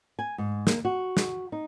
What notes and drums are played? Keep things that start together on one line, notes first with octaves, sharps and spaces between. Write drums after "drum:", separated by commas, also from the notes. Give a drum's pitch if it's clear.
G#5
G#2
A#3, drum: snare
F#4
drum: snare
D#4